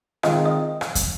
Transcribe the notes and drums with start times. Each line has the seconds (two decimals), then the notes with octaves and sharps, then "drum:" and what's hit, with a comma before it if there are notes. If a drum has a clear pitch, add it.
0.23 D#3 G#3 C4 F4 D#5, drum: rim click
0.45 D#5
0.81 drum: rim click
0.95 drum: kick, hi-hat